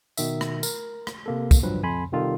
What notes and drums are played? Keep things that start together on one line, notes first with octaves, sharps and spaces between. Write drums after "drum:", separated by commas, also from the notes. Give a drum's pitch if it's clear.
B2 D#3 E5, drum: tambourine
drum: rim click
A#4, drum: tambourine
drum: rim click
C3 A#3 A4
drum: kick, tambourine
G2 F3 F#3 B4
F2 G#5 B5 C6
C3 D#3 G3 F4 A4